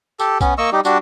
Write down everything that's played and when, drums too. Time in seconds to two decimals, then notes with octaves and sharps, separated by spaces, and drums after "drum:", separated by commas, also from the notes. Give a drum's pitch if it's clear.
0.20 G4 A4, drum: tambourine
0.41 B3 C#4, drum: kick B1, tambourine
0.58 A#3 D#5 C#6 E6
0.72 G3 D#4 G4
0.85 G3 D4 F#4, drum: tambourine